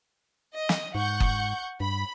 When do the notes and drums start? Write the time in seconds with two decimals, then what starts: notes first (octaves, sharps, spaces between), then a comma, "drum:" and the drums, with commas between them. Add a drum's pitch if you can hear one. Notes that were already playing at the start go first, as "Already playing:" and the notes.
0.55 D#5
0.69 drum: snare
0.95 G#2 F#5 C#6 G6
1.20 drum: kick F#1
1.80 G2 B5